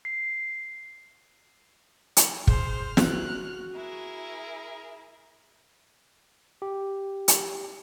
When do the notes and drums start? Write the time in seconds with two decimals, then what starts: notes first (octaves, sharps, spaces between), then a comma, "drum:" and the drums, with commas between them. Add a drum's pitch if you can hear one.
0.05 C7
2.17 drum: hi-hat
2.47 G#4 C5 F6, drum: kick
2.97 F#4 F#6, drum: snare
3.76 E4 G#4 A#4
6.62 G4
7.28 drum: hi-hat